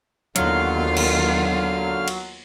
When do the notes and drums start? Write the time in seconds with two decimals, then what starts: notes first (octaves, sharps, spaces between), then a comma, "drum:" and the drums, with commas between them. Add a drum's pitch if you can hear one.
0.36 D#2 D3 D#3 F#3 B3 F4 F5 F6, drum: hi-hat
0.97 drum: cymbal
2.08 drum: cymbal